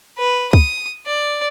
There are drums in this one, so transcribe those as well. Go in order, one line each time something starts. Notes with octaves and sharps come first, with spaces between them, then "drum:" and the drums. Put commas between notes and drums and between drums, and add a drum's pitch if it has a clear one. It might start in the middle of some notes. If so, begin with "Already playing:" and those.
B4
D#6, drum: kick
D5